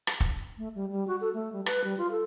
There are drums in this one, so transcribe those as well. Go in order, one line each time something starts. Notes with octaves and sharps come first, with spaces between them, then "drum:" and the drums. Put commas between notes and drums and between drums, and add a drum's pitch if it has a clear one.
drum: rim click
drum: kick
A3
G3
G3
F#4
A4
A3
G3
B4, drum: rim click
G3
F4
A4